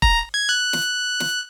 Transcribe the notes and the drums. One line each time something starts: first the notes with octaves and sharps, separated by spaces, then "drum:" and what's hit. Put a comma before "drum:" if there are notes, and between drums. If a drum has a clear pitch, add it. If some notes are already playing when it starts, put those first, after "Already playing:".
A#5, drum: kick
G#6
F#6
drum: snare
drum: snare